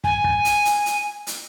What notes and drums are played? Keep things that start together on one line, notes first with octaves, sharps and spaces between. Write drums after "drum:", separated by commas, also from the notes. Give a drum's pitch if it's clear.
G#5, drum: kick
drum: kick
drum: hi-hat
drum: hi-hat
drum: hi-hat
drum: hi-hat